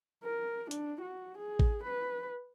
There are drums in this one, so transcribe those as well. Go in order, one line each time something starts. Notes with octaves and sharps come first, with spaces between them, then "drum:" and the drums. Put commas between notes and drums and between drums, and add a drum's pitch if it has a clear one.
A#4
D4, drum: hi-hat
F#4
G#4
drum: kick A1
B4